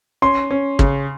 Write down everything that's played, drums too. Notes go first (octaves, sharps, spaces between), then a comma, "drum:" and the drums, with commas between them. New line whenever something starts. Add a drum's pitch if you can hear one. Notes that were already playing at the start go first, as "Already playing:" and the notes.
C#4 C6
C#4
C#3, drum: kick